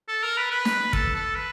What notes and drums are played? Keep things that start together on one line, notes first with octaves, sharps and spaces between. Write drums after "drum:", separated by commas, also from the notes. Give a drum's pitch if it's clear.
A4
A#4
B4
B4
drum: snare
A4, drum: kick
A4
B4